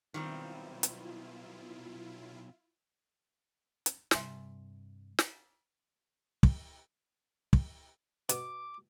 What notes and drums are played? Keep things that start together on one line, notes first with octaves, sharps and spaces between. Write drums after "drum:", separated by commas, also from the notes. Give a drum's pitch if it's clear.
B1 B2 D#3 G3 C4 E4 F4
drum: hi-hat
drum: hi-hat
G2 C3 E5 G#5 C6, drum: snare
drum: snare
drum: kick
drum: kick
B2 D6, drum: hi-hat